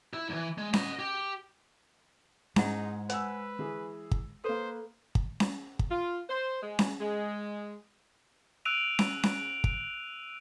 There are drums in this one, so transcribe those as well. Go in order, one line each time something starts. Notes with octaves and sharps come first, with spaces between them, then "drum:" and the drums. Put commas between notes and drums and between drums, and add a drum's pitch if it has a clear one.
E4 E5
E2 E3
G#3
D#5 F#5, drum: snare C#4
G4
G#2 G#3 D#4 E4 F#5, drum: snare C#4
B4 C5 F#5 G#5 E6, drum: hi-hat
E3 G#4
drum: kick
A#3 A4 B4 C5
drum: kick
drum: snare C#4
drum: kick
F4
C5
G#3
drum: snare C#4
G#3
E6 F#6 D7 D#7 F7
drum: snare C#4
drum: snare C#4
drum: kick